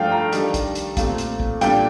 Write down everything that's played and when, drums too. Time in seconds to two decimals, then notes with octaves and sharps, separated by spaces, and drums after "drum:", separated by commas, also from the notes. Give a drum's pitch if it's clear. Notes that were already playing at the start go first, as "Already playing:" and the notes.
Already playing: G2 F3 A3 D4 F5 G5
0.11 A#5
0.33 D#3 G3 D4, drum: hi-hat
0.54 drum: kick, hi-hat
0.75 drum: hi-hat
0.97 A#2 A3 C4, drum: kick, hi-hat
1.18 drum: hi-hat
1.40 drum: kick
1.61 A#2 G3 D4 G5, drum: hi-hat